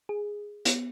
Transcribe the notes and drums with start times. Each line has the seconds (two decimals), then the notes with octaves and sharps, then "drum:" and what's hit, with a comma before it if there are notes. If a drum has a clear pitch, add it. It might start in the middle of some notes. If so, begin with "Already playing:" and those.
0.09 G#4
0.65 B3, drum: hi-hat